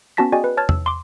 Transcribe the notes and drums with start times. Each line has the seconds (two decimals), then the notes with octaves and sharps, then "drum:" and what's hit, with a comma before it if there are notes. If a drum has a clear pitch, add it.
0.17 B3 C#4 F#4 A5 A#6 B6
0.32 F#4 G#4 D5 D#5 G5 G#5
0.44 B4
0.57 C#5 A5 F6 G#6 A6
0.69 E6, drum: tom E2
0.86 C6 D6